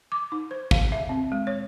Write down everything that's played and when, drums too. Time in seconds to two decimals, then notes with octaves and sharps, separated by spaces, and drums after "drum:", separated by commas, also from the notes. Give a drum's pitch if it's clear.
0.12 D6
0.32 D#4
0.51 C5
0.71 F5, drum: kick
0.92 E5
1.09 C4
1.32 G#3
1.47 C#5